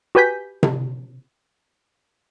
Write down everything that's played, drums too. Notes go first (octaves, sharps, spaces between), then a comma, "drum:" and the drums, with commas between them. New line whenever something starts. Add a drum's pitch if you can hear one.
F#4 G4 B4 G#5 G6 B6
drum: tom C3